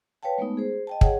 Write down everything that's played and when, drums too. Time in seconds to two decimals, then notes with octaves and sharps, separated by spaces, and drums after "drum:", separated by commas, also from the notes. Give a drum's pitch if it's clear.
0.23 B4 C#5 F5 G5 A5
0.38 G#3 A3 B3 D#4
0.57 G#4 C5
0.87 D#5 G5 A5
1.01 G#4 C#5 F#5, drum: kick